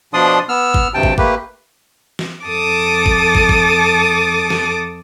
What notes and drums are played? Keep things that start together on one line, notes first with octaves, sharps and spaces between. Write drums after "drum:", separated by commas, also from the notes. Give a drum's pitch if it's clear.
B2 F3 D4 D5 C6 D#6
B3 E6 F6
drum: kick
D2 G2 C3 G5 A5
drum: kick
A3 A#3 G4 B4, drum: kick
drum: snare
F2 A4 A5 D6 D#6
drum: kick
drum: kick
drum: kick
drum: snare